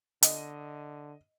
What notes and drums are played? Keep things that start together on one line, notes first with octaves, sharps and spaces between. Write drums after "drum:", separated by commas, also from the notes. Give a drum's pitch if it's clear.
D3 D#5, drum: hi-hat